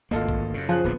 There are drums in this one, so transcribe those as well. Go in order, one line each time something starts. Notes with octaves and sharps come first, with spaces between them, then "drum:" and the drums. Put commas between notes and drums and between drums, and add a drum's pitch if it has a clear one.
G#1 D2 A#3 F4 A4 D#5
drum: kick
F#2 C#3
F3 G#4 F#6
D1 A#1 G#2 B3